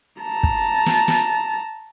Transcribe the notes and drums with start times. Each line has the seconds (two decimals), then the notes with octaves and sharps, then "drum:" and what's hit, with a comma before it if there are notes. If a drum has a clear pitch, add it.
0.22 A5 A#5
0.43 drum: kick
0.86 drum: snare
1.08 drum: snare